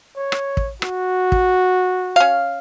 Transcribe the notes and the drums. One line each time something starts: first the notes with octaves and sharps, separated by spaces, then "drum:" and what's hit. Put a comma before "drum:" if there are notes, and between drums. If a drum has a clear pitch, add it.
C#5
drum: rim click
drum: kick
F#4, drum: rim click
drum: kick
C#4 F5